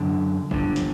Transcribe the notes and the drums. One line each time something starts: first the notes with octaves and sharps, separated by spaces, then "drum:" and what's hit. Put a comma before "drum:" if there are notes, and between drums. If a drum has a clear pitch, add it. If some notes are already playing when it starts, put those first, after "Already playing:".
Already playing: F#2 D3
G2 D3, drum: kick G1
drum: snare